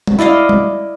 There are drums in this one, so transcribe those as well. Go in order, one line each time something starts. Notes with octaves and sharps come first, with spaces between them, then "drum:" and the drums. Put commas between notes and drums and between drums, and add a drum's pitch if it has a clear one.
drum: tom
E4 D5 D#5 F5
drum: tom